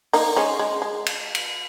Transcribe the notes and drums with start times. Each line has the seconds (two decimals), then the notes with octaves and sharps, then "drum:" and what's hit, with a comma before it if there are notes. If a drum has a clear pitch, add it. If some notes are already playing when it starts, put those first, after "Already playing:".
0.13 A#3 D#4, drum: open hi-hat
0.36 G#3 C#4
0.59 G#3
0.82 G#3
1.06 drum: cymbal
1.35 drum: cymbal